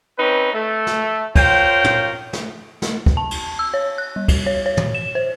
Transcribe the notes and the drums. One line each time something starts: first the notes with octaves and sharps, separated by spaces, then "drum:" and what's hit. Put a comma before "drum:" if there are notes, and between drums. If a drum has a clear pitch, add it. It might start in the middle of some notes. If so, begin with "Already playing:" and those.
C4 C#4 D#4 B4
A3
drum: snare
F4 A#4 C5 C#5 G5, drum: kick, cymbal
drum: tom
drum: snare
drum: snare
drum: kick
A5
drum: cymbal
E6
C#5
F#6
G3
drum: kick, cymbal
C#5
C#5
drum: tom
E7
C5